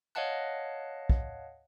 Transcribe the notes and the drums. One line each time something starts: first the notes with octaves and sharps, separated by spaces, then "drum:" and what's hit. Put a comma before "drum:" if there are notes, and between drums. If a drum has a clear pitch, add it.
C#5 D#5 F5 F#5 A5 F#6
drum: kick